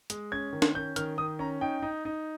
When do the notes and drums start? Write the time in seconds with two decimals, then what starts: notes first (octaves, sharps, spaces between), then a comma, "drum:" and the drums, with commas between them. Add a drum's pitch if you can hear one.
0.10 G#3, drum: hi-hat
0.32 C#4 G#6
0.53 D#3
0.62 drum: snare
0.75 C#4 G6
0.96 D#3 F6, drum: hi-hat
1.18 D#3 D#6
1.39 C#4 A#5
1.61 D#4 G5
1.82 D#4
2.05 D#4